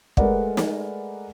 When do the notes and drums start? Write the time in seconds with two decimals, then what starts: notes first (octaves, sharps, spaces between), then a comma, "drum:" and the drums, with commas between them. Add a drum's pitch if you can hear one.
0.17 G#3 A3 A#4 B4 D5 F#5, drum: kick
0.57 drum: snare